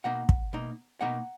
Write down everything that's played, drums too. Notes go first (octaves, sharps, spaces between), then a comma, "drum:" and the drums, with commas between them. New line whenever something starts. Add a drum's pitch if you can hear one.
B2 A#3 D#4 F#5 A#5
drum: kick
B2 A#3 D#4
B2 A#3 D#4 F#5 A#5